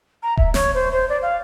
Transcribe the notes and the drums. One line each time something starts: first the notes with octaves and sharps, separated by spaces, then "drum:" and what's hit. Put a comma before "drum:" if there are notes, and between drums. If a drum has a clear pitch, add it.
A#5
E5, drum: kick D#1
C#5, drum: snare
C5
C5
D5
F5